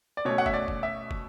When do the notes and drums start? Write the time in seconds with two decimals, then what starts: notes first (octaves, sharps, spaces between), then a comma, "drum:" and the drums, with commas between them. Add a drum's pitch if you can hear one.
0.17 D5
0.25 B2 A3 C#4 C#5
0.38 F#5
0.46 E5, drum: kick
0.54 D5
0.68 drum: kick
0.83 E5
1.11 drum: kick